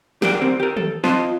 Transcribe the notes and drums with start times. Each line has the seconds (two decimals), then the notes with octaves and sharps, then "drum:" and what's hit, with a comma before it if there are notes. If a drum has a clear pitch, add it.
0.22 G4 G#4 A#4 D5 F#5 G5, drum: snare
0.41 D2 C4 A#4
0.60 G4 A#4
0.77 A4, drum: tom
1.04 C4 F4 C5 D#5 A5, drum: snare